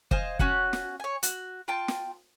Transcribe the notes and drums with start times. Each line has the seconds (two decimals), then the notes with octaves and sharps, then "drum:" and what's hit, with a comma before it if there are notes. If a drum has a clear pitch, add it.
0.11 C5 D#5 F5 G#5, drum: kick
0.39 C#4 F#4 F#5, drum: kick
0.73 drum: snare
1.00 C#5 G#5
1.23 F#4, drum: hi-hat
1.68 F4 G5 A5
1.88 drum: snare